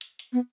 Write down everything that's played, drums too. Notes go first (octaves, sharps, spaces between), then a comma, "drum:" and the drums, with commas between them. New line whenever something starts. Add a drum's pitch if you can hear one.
drum: hi-hat
drum: hi-hat
B3